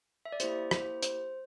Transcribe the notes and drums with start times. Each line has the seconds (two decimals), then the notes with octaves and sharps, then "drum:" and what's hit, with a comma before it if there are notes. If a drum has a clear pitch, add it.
0.25 E5
0.32 D5
0.40 A#3 E4 G4 C5, drum: hi-hat
0.71 C5, drum: rim click
1.03 C5, drum: hi-hat